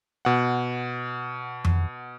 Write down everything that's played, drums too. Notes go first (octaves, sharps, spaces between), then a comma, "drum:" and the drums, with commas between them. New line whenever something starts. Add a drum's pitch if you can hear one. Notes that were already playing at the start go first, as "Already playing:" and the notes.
B2 F#5
drum: tom F2